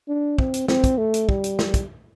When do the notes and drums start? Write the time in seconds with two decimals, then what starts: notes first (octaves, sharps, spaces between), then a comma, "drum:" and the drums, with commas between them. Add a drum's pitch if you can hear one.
0.09 D4
0.38 C4, drum: kick
0.54 drum: hi-hat
0.68 C4, drum: snare
0.84 drum: kick, hi-hat
0.98 A3
1.14 drum: hi-hat
1.29 G3, drum: kick
1.44 drum: hi-hat
1.59 drum: snare
1.74 drum: kick, hi-hat